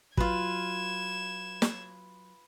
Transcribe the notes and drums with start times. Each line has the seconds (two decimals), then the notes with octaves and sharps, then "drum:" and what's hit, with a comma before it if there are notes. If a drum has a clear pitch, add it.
0.17 F#3 F4 B4 G#6 E7, drum: kick
1.62 drum: snare